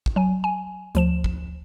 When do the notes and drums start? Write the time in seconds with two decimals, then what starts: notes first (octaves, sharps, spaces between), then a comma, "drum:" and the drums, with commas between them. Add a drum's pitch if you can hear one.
0.06 drum: kick
0.16 F#3 G#5
0.44 G#5
0.95 D2 F3 E7, drum: hi-hat
1.24 drum: kick